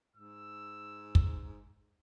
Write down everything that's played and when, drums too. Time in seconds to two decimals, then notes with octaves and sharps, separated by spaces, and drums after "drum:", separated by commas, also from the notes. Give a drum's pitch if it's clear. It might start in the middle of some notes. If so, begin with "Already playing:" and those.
0.16 G#2 E6
1.15 drum: kick